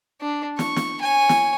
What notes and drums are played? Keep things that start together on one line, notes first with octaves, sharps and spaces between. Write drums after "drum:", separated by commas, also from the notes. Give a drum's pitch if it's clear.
D4
C#6, drum: snare
drum: snare
C#5 G#5
drum: snare